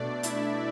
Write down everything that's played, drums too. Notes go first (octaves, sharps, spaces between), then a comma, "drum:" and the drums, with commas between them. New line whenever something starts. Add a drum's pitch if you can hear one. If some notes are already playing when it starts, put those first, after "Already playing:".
Already playing: B2 A3 D4 D5
E4 E5, drum: hi-hat